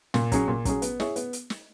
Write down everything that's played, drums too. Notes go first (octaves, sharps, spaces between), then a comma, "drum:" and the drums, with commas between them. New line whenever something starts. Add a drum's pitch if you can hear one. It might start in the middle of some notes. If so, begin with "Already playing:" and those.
A#2, drum: snare
F#3 C#4 G#4, drum: kick, hi-hat
A#2
F#3 C#4 G#4, drum: kick, hi-hat
B3, drum: hi-hat
E4 G#4 C#5, drum: snare
B3, drum: hi-hat
drum: hi-hat
drum: snare